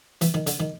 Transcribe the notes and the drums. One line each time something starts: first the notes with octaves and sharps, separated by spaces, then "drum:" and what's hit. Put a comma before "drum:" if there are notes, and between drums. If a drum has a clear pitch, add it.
E3, drum: hi-hat
D#3
D3, drum: hi-hat
D#3